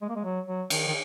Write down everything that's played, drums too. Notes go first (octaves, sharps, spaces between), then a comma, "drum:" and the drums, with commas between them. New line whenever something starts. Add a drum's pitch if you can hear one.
G#3
A#3
G#3
F#3
F#3
D#3, drum: cymbal
D#3